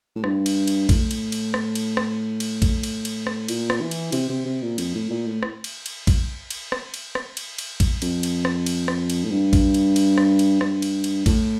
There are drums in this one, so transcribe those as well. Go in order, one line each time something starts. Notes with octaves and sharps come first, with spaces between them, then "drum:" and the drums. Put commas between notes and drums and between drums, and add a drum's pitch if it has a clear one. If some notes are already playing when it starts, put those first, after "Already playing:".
A2
G2, drum: rim click
drum: cymbal
drum: cymbal
A2, drum: kick A1, cymbal
drum: cymbal
drum: cymbal
drum: rim click
drum: cymbal
drum: rim click
drum: cymbal
drum: kick A1, cymbal
drum: cymbal
drum: cymbal
drum: rim click
A#2, drum: cymbal
drum: rim click
E3
drum: cymbal
C3, drum: cymbal
C3
C3
A#2
F2, drum: cymbal
A2
A#2
A2
drum: rim click
drum: cymbal
drum: cymbal
drum: kick A1, cymbal
drum: cymbal
drum: rim click
drum: cymbal
drum: rim click
drum: cymbal
drum: cymbal
drum: kick A1, cymbal
F2, drum: cymbal
drum: cymbal
drum: rim click
drum: cymbal
drum: rim click
drum: cymbal
A2
G2
drum: kick A1, cymbal
drum: cymbal
drum: cymbal
drum: rim click
drum: cymbal
G2, drum: rim click
drum: cymbal
drum: cymbal
A2, drum: kick A1, cymbal